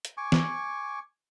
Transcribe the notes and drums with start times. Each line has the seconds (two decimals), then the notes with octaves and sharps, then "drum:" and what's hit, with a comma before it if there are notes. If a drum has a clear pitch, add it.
0.05 drum: hi-hat
0.17 G#5 C#6 D6
0.32 drum: snare